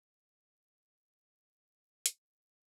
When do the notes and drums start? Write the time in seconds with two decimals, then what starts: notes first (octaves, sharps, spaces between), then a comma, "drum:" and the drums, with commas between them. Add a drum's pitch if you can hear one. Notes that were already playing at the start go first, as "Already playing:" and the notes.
0.11 B3
0.54 A3
0.77 C#3
0.89 C#3
0.99 B2
1.43 C#3
1.66 B2
1.83 G#2
1.88 A2
2.06 A2, drum: hi-hat
2.10 G#2
2.32 F#2